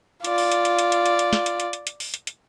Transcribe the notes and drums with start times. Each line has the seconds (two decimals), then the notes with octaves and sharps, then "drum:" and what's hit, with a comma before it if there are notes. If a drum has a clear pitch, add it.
0.24 F4 D5, drum: hi-hat
0.38 drum: open hi-hat
0.52 drum: hi-hat
0.65 drum: hi-hat
0.79 drum: hi-hat
0.92 drum: hi-hat
1.06 drum: hi-hat
1.19 drum: hi-hat
1.33 drum: snare
1.46 drum: hi-hat
1.60 drum: hi-hat
1.73 drum: hi-hat
1.87 drum: hi-hat
2.00 drum: open hi-hat
2.14 drum: hi-hat
2.27 drum: hi-hat